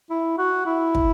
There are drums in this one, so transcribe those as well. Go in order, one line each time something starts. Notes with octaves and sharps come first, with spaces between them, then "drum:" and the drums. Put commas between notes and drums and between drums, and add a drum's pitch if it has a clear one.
E4
F#4
E4
drum: kick